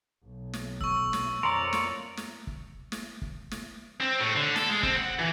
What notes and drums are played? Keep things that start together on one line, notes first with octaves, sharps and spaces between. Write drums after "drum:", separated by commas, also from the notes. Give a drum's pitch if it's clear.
B1
drum: snare
C#6 E6, drum: kick
drum: snare
F2 A#4 C#5 D5 A#5 C6
drum: snare
drum: snare
drum: kick
drum: snare
drum: kick
drum: snare
C4
A2
D3
A4, drum: snare
G#3
C4, drum: kick
F#5
E3